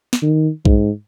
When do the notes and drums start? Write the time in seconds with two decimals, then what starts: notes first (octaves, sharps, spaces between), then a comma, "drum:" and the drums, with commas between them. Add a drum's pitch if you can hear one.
0.13 drum: snare
0.22 D#3
0.65 G#2, drum: kick B1